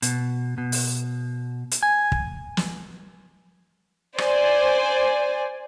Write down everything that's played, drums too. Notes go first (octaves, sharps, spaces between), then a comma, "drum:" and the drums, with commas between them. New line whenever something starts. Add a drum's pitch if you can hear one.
B2, drum: hi-hat
B2
drum: open hi-hat
drum: hi-hat
G#5
drum: kick
drum: snare
C5 D5 G#5, drum: rim click